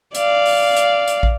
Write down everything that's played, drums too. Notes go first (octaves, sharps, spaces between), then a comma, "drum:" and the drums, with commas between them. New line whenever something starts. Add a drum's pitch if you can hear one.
D5 F5, drum: hi-hat
drum: open hi-hat
drum: hi-hat
drum: hi-hat
drum: kick